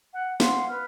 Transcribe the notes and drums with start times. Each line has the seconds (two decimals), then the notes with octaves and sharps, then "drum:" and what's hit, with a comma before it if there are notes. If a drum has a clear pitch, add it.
0.12 F#5
0.40 F5 F#5 C6, drum: snare
0.69 B4 F6